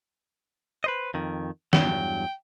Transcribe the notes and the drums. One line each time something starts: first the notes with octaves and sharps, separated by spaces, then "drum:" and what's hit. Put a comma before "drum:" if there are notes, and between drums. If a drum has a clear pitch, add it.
B4 C5 D#5
F2 D#3
E2 G2 F#3 G5, drum: snare